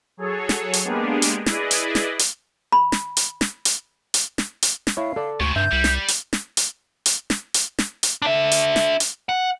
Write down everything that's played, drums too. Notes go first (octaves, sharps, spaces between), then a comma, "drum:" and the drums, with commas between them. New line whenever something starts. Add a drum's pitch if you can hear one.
F#3 G#4 A4 C#5
drum: snare
drum: hi-hat
G#3 A#3 B3 D4 G4 G#4
drum: hi-hat
E4 G#4 B4 D5 D#5, drum: snare
drum: hi-hat
drum: snare
drum: hi-hat
B5
drum: snare
drum: hi-hat
drum: snare
drum: hi-hat
drum: hi-hat
drum: snare
drum: hi-hat
drum: snare
E4 C#5 F5
A4 D5
D2 G#2 C3 C#6
G2 E5 G6
C2 G3
drum: snare
drum: hi-hat
drum: snare
drum: hi-hat
drum: hi-hat
drum: snare
drum: hi-hat
drum: snare
drum: hi-hat
D4 E5
drum: hi-hat
drum: snare
drum: hi-hat
F#5